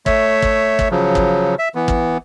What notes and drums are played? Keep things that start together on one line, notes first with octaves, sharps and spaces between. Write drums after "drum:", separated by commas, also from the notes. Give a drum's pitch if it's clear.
A3 C#5 E5, drum: kick
drum: kick
drum: kick
C#3 F3 F#3
drum: kick
E5
E3 B3
drum: kick